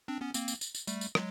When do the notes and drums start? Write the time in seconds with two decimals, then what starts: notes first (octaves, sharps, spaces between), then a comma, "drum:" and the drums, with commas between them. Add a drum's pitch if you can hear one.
0.08 C4 D4
0.21 B3 C#4
0.34 A#3 C4, drum: tambourine
0.48 drum: tambourine
0.61 drum: tambourine
0.75 drum: tambourine
0.87 G3 A3, drum: tambourine
1.01 drum: tambourine
1.15 F#3 G#3, drum: rim click